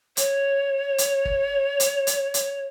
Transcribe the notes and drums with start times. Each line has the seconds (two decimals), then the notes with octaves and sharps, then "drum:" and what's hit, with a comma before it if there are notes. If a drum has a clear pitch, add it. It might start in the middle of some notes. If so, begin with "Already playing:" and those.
0.17 C#5, drum: hi-hat
0.98 drum: hi-hat
1.25 drum: kick
1.80 drum: hi-hat
2.07 drum: hi-hat
2.34 drum: hi-hat